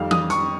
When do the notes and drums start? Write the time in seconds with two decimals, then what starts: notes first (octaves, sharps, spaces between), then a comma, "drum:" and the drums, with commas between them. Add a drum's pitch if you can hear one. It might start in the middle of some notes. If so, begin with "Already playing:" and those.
Already playing: F2 D#3 G3 F5
0.11 D#6, drum: tom E3
0.30 C#6, drum: hi-hat